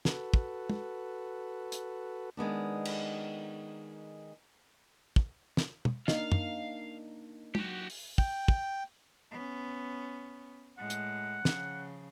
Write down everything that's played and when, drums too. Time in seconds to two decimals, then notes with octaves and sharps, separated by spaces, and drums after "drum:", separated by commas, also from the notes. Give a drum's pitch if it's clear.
0.05 F#4 A4 B4, drum: snare
0.34 drum: kick
0.70 drum: tom
1.72 drum: hi-hat
2.37 D#3 G#3 B3 D4
2.85 drum: cymbal
5.16 drum: kick
5.57 drum: snare
5.85 drum: tom
6.08 A#3 D4 D#4 D#5 F5, drum: snare
6.32 drum: tom
7.55 F#3 F#4 G4, drum: tom
7.90 drum: open hi-hat
8.18 G5, drum: kick
8.48 drum: kick
9.31 B3 C#4
10.78 A2 G#3 F#5
10.90 drum: hi-hat
11.45 C#3 F3, drum: snare